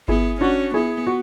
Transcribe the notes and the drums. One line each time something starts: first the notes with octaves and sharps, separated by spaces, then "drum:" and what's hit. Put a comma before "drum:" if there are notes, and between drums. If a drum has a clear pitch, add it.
B3 E4 G#4, drum: kick G1
C#4 D4 F#4
B3 E4 G#4
F#4